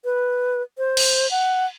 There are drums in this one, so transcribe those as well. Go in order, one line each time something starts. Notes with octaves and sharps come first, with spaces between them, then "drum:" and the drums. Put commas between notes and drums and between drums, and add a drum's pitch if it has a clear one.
B4
C5
drum: cymbal
F#5